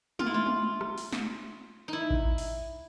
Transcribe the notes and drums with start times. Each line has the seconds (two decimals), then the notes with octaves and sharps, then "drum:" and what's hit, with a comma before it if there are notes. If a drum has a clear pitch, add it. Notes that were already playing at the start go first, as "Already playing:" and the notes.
0.19 F4, drum: tom G#3
0.26 E4
0.34 F4
0.46 drum: tom G#3
0.81 drum: rim click
0.98 drum: open hi-hat
1.12 drum: snare
1.88 D#4 E4
2.10 drum: kick A1
2.38 drum: open hi-hat